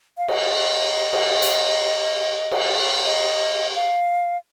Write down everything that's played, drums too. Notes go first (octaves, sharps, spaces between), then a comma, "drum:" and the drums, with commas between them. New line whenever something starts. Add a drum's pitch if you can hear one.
F5
D#5, drum: cymbal
drum: cymbal
drum: hi-hat
drum: cymbal
D#5
F5